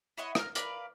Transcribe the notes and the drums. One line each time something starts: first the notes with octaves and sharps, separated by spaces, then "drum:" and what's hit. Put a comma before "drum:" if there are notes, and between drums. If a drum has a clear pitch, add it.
E4 C#5 D#5 F#5
A#4 F6, drum: rim click
A#4 B4 D5 F5, drum: hi-hat